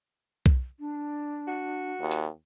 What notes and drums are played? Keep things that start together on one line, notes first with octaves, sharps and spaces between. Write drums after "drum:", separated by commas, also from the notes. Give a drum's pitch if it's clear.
drum: kick B1
D4
F#4
D#2
drum: hi-hat